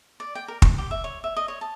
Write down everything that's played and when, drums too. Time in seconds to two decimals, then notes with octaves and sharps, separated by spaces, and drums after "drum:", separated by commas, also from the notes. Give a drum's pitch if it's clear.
0.20 D5
0.35 G5
0.48 A#4
0.62 C#6, drum: kick
0.78 G4
0.91 E5
1.04 C#5
1.24 E5
1.36 D#5
1.48 C#5
1.61 A5